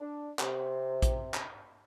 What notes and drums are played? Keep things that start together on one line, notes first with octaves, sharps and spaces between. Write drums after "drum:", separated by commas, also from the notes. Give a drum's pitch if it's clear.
D4
C3, drum: clap
drum: kick A#1, hi-hat
drum: clap